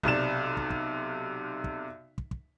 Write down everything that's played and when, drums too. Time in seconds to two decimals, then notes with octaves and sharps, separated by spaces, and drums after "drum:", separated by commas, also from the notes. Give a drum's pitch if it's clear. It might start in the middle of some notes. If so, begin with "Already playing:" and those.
0.03 B1 C3 D5 E7, drum: kick
0.57 drum: kick
0.70 drum: kick
1.64 drum: kick
2.18 drum: kick
2.31 drum: kick